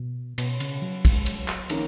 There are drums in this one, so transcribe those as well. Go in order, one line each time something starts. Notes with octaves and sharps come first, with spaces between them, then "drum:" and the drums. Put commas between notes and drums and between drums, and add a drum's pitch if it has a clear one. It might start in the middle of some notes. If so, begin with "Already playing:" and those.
Already playing: B2
B2, drum: cymbal
C#3, drum: cymbal
F#3
G#3, drum: kick, cymbal
drum: cymbal
F#3
drum: clap
D#3 F3 A#3 C#4, drum: cymbal